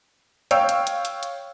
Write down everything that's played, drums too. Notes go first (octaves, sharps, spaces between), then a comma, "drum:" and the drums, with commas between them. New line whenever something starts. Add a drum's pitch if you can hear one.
C#5 F5 G5 E6, drum: hi-hat
drum: hi-hat
drum: hi-hat
drum: hi-hat
drum: hi-hat